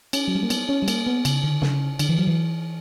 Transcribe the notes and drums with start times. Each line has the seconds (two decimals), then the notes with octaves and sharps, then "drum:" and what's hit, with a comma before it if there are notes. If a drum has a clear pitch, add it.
0.13 C#4, drum: cymbal
0.28 F#3
0.35 G3
0.43 A#3
0.50 B3, drum: cymbal
0.69 C#4
0.82 G3
0.88 A#3, drum: cymbal
1.07 B3
1.25 C#3, drum: cymbal
1.44 D3
1.62 C#3, drum: snare
1.99 D3, drum: cymbal
2.09 E3
2.18 F#3
2.27 E3